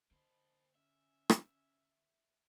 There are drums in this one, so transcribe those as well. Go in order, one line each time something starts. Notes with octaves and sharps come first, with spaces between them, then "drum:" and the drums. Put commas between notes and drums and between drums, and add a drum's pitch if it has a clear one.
D3 A#3 C5 D#5 A5 B5
C#4 E5 E6
drum: rim click